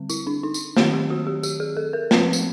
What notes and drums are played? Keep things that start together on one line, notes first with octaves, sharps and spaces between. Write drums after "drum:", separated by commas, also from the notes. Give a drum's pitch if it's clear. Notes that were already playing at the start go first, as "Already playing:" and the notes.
Already playing: D3 G3 C4
E4, drum: tambourine
D4
D#4
drum: tambourine
D#3 F#3 A3 C4 G4, drum: snare
G4
F#4
G4
G4, drum: tambourine
G#4
A4
A#4
F3 A3 C4 B4, drum: snare
drum: tambourine